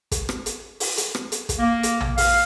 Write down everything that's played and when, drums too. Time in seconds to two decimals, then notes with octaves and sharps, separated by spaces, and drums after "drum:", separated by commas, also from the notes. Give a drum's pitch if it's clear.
0.12 drum: kick, hi-hat
0.29 drum: rim click
0.46 drum: hi-hat
0.80 drum: open hi-hat
0.97 drum: hi-hat
1.15 drum: rim click
1.32 drum: hi-hat
1.49 drum: kick, hi-hat
1.59 A#3
1.83 drum: hi-hat
2.00 drum: tom
2.18 F5, drum: open hi-hat